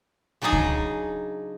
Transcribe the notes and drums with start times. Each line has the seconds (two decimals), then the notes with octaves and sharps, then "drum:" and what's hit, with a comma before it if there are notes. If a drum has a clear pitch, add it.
0.42 C#3 F#3 D4 D#4 G#4
0.53 drum: kick C#2